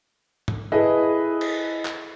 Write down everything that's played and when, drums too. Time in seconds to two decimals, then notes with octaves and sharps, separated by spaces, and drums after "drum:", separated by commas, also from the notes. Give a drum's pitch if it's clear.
0.48 drum: tom G#2
0.72 E4 G#4 A4 B4 D#5
1.41 drum: cymbal
1.85 drum: clap